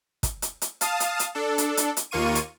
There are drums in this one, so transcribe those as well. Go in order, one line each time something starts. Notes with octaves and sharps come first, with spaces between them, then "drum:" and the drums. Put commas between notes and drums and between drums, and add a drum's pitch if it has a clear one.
drum: kick, hi-hat
drum: hi-hat
drum: hi-hat
F5 A5 D#6, drum: hi-hat
drum: hi-hat
drum: hi-hat
D4 A4
drum: hi-hat
drum: hi-hat
drum: hi-hat
D#2 A#3 F4 C#6 D#7
drum: hi-hat